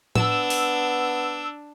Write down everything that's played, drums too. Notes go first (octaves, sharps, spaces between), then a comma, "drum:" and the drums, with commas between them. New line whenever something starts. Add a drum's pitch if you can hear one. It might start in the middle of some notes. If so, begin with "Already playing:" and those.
B3 D4 E6, drum: tom A2
drum: open hi-hat